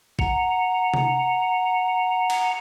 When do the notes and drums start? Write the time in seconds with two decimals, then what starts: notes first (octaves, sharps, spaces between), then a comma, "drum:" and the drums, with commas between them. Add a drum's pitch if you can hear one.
0.19 F#5 A#5, drum: kick
0.94 drum: tom C3
2.30 drum: cymbal